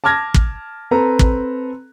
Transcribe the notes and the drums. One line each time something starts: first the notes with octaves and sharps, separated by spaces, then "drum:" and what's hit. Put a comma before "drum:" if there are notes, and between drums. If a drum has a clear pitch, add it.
A5 D6 F6 G#6 A#6
drum: kick
C4 A4 B4 A#5
drum: kick